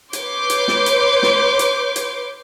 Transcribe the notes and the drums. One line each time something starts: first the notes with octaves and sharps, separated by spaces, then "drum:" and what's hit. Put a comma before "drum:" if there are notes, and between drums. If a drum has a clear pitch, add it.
B4 C#5 C6 D6 G6, drum: hi-hat
drum: hi-hat
drum: snare
drum: hi-hat
drum: snare
drum: hi-hat
drum: hi-hat